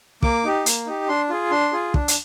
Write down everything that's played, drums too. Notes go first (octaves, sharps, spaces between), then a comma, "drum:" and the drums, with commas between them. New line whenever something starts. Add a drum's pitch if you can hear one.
A#3 D6, drum: kick
D#4 G4
A#3, drum: hi-hat
D#4 G4
D4 C6
F4 G#4
D4 C6
F4 G#4
D4, drum: kick
drum: hi-hat